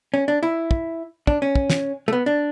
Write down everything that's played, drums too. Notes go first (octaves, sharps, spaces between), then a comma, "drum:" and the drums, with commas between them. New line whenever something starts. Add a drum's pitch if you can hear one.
C#4
D4
E4
drum: kick
D4, drum: kick
C#4
drum: kick
drum: snare
A3
B3
D4